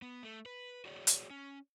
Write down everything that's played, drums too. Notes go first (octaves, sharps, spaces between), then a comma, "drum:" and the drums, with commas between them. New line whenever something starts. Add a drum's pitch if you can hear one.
B3
A3
B4
F#4 G#4 C#5 D5
drum: hi-hat
C#4